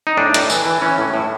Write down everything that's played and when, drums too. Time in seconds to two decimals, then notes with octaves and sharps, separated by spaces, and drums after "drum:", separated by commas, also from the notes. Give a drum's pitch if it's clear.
0.07 D#4
0.17 A2 D4
0.34 A2, drum: hi-hat
0.50 E3, drum: tambourine
0.65 E3
0.82 E3 C#4
0.98 A2
1.14 A2